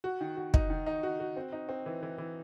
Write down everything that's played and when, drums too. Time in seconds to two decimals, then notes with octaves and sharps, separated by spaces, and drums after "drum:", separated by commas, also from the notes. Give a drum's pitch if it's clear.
0.04 F#4
0.21 D#3
0.37 F#4
0.54 D#4, drum: kick
0.70 D#3
0.86 D#4
1.03 F#4
1.20 F#4
1.36 C4
1.52 D#4
1.69 C4
1.86 E3
2.03 E3
2.18 E3